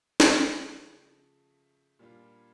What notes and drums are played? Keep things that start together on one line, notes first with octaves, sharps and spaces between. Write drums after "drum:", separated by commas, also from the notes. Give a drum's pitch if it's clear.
C#3 F3 A3, drum: snare
A#2 G3 D4 F4